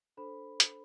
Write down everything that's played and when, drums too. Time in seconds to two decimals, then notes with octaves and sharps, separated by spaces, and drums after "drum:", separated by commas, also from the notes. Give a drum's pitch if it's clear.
0.17 D4 A4 C5 B5
0.60 drum: hi-hat